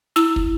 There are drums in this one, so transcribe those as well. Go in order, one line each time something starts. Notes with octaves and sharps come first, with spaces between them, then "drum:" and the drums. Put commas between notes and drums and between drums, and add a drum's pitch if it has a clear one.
E4 E6, drum: snare
drum: kick